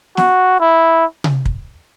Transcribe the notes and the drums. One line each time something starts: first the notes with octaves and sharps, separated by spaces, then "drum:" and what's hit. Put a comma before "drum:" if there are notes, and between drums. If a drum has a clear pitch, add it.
F#4, drum: snare
E4
drum: tom C3
drum: kick